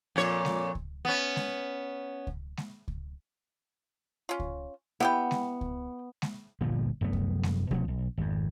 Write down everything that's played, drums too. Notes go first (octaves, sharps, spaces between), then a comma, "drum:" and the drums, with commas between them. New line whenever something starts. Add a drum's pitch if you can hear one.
F2 A#2 C#5
drum: snare G#3
drum: kick C#2
B3 C#4
drum: snare G#3
drum: kick C#2
drum: snare G#3
drum: kick C#2
C#4 F4
drum: kick C#2
B3 E4 G4 G5
drum: snare G#3
drum: kick C#2
drum: snare G#3
G1 D2 A#2 F3
F1 F#2 A3 B3
drum: kick C#2
drum: snare G#3
B2 F3 A3 C#4, drum: kick C#2
B1
G#1 F2